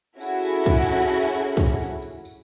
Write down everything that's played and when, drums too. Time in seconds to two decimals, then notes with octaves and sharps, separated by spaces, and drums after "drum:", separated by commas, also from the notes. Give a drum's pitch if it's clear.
0.21 C#4 E4 F#4 G#4 A4, drum: tambourine
0.43 drum: tambourine
0.66 drum: kick, tambourine
0.89 drum: tambourine
1.12 drum: tambourine
1.34 drum: tambourine
1.57 drum: kick, tambourine
1.80 drum: tambourine
2.02 drum: tambourine
2.25 drum: tambourine